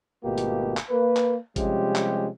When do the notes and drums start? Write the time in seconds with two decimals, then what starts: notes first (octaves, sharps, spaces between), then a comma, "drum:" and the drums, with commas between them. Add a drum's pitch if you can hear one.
0.23 G#1 B2 A3 A#3 F4 G4
0.38 drum: hi-hat
0.77 drum: clap
0.90 A#3 B4
1.17 drum: clap
1.56 C3 F3 G3 G#3 C#4 G4, drum: kick G#1, hi-hat
1.96 drum: clap